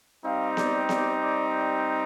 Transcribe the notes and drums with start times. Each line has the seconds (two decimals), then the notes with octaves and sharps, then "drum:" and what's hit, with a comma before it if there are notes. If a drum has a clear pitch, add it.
0.24 G3 C4 D#4 G4 F5
0.57 D5, drum: snare B3
0.89 D5, drum: snare B3
1.21 D5
1.53 D5